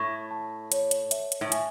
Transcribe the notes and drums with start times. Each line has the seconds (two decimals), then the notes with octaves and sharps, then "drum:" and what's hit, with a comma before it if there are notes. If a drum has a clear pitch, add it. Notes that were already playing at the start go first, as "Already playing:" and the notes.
Already playing: A2 C#6
0.31 A5
0.72 C#5, drum: hi-hat
0.91 drum: hi-hat
1.11 E5, drum: hi-hat
1.32 drum: hi-hat
1.41 A2
1.52 G#5, drum: hi-hat